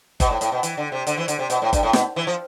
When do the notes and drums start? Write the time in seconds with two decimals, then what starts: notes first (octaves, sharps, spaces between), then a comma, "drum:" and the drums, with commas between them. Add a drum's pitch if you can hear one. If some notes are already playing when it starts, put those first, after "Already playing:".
0.20 B2, drum: kick G1, hi-hat
0.30 A2
0.41 A2, drum: hi-hat
0.52 B2
0.63 E3, drum: hi-hat
0.77 D3
0.92 C3
1.07 D3, drum: hi-hat
1.17 E3
1.28 D3, drum: hi-hat
1.39 C3
1.50 B2, drum: hi-hat
1.62 A2
1.73 G2, drum: kick G1, hi-hat
1.83 A2
1.93 B2, drum: snare
2.16 E3
2.27 F3